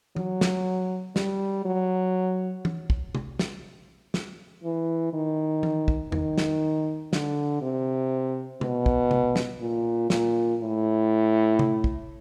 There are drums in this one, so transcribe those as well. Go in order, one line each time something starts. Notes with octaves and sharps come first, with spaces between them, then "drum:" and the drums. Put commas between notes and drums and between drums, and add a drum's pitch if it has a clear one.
F#3, drum: tom E3
drum: snare
G3, drum: snare
F#3
drum: tom E3
drum: kick
drum: tom
drum: snare
drum: snare
E3
D#3
drum: tom E3
drum: kick
D#3, drum: tom E2
drum: snare
D3, drum: snare
C3
B2, drum: tom
drum: kick
drum: tom C3
drum: snare
A#2
A#2, drum: snare
A2
drum: tom C3
drum: kick